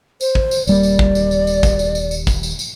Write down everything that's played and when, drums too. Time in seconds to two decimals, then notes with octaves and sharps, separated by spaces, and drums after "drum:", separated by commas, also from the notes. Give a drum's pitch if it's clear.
0.21 C5, drum: tambourine
0.35 drum: kick
0.51 drum: tambourine
0.67 D#1 G3 A#3 D5, drum: tambourine
0.83 drum: tambourine
0.99 drum: kick
1.15 drum: tambourine
1.31 drum: tambourine
1.47 drum: tambourine
1.63 drum: kick, tambourine
1.79 drum: tambourine
1.95 drum: tambourine
2.11 drum: tambourine
2.27 drum: kick, tambourine
2.43 drum: tambourine
2.59 drum: tambourine